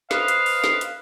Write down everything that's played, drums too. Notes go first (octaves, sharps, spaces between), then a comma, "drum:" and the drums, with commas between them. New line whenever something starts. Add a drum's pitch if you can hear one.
B4 C5 D#5 F5, drum: snare
drum: hi-hat
drum: open hi-hat
drum: snare
drum: hi-hat